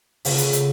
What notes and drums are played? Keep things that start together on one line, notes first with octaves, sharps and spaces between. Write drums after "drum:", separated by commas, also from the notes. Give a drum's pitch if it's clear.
C#3 A3 C4 F4 A4, drum: open hi-hat
F#4, drum: hi-hat
drum: hi-hat